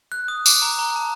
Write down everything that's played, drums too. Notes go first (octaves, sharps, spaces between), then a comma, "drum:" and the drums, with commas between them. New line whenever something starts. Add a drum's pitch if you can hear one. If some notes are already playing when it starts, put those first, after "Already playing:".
F#6
D#6
D6, drum: tambourine
A#5
A#5
A5